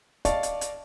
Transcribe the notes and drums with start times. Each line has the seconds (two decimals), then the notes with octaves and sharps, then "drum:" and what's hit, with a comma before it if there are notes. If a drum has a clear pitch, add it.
0.25 D5 D#5 F5 A5 C#6 D6, drum: kick, hi-hat
0.43 drum: hi-hat
0.61 drum: hi-hat